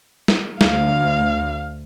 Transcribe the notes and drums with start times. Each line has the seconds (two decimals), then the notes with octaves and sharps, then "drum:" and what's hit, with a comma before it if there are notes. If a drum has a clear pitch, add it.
0.28 drum: snare
0.61 D2 F5, drum: snare